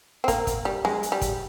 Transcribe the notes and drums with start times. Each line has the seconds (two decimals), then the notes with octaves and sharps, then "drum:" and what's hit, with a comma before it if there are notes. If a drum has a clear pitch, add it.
0.24 C4
0.28 A#3, drum: kick, hi-hat
0.47 drum: kick, hi-hat
0.65 G3
0.85 G#3, drum: snare B3
1.03 drum: hi-hat
1.12 G3
1.22 drum: kick, hi-hat